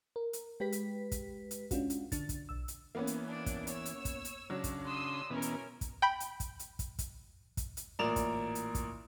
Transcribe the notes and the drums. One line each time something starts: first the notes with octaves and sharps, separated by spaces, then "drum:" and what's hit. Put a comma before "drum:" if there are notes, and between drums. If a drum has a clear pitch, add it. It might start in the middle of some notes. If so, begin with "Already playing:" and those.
A#4
drum: hi-hat
G#3 G4 B4 B6
drum: hi-hat
drum: kick, hi-hat
drum: hi-hat
G#3 C#4 D4 F4 F#4, drum: kick, hi-hat
drum: hi-hat
D3 D4 A6, drum: kick, hi-hat
drum: kick, hi-hat
B1 E6
drum: hi-hat
E3 A#3 B3 C#4
drum: hi-hat
D4
drum: kick, hi-hat
C#5 E6, drum: hi-hat
drum: hi-hat
drum: kick, hi-hat
drum: hi-hat
C#3 F#3 D4
drum: kick, hi-hat
C6 D#6 E6
B2 E3 B3 C#4 A#4
drum: hi-hat
drum: kick, hi-hat
G5 B5
drum: hi-hat
drum: kick, hi-hat
drum: hi-hat
drum: kick, hi-hat
drum: kick, hi-hat
drum: kick, hi-hat
drum: hi-hat
A1 A#2 A#4 D5 E7 F7
drum: kick, hi-hat
drum: hi-hat
drum: kick, hi-hat